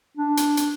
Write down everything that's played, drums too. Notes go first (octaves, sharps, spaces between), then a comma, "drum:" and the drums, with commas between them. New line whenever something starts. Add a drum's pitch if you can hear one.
D4
drum: hi-hat
drum: hi-hat